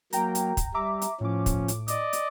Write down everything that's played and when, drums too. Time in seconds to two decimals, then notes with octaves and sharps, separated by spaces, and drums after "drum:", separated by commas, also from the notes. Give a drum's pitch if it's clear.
0.13 F#3 A#3 G5 A#5, drum: hi-hat
0.35 drum: hi-hat
0.57 drum: kick, hi-hat
0.74 G3 E5 A#5 D6
1.02 drum: hi-hat
1.20 A2 F3 C#4 D6
1.46 drum: kick, hi-hat
1.68 drum: hi-hat
1.88 D5 D#5, drum: hi-hat
2.13 drum: hi-hat